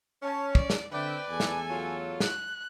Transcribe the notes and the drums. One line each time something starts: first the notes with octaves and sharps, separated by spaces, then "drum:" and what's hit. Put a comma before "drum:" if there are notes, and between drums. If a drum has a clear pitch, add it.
C#4 A5
D5, drum: kick
drum: snare
D3 C4 B4 D5 E5 G5
E2 A3 A4 G#5
drum: snare
F#3 F4
F#6, drum: snare